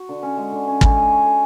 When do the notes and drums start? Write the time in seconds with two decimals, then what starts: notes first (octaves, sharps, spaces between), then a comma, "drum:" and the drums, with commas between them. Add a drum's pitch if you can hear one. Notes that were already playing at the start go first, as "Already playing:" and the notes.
Already playing: F#4
0.09 D3
0.23 C#4
0.37 G#3
0.52 D3
0.67 C#4
0.81 G#3, drum: kick
0.96 G#3
1.11 C#5
1.26 A4